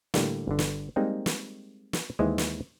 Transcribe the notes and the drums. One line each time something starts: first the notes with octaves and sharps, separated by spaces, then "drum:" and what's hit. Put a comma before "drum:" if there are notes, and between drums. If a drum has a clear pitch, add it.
A2 D3 G3 A#3, drum: snare
G1 D3
drum: snare
G3 G#3 A#3 C4 D#4
drum: snare
drum: snare
D#2 E3 G#3 C5 D#5 E5
drum: snare